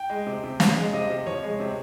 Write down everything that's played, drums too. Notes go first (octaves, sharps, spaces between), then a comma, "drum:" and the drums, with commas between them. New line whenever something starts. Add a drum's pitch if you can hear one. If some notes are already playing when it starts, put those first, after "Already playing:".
Already playing: G5
G#3
C3
C3
F3 F5, drum: snare
G#3
C3 D#5
C3
F3 C#5
G#3
C3